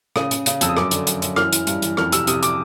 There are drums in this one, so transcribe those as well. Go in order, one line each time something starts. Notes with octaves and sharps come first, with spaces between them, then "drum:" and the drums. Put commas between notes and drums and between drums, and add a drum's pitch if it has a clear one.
C#3 D#6, drum: rim click
C#3, drum: hi-hat
C#3, drum: hi-hat
F2 E6, drum: hi-hat
D#6
F#2 D6, drum: rim click
D3, drum: hi-hat
F#2, drum: hi-hat
F#2, drum: hi-hat
E3 F6, drum: rim click
E3, drum: hi-hat
G2, drum: hi-hat
E3, drum: hi-hat
F2 F6, drum: rim click
C3 E6, drum: hi-hat
C3 D#6, drum: hi-hat
D6, drum: hi-hat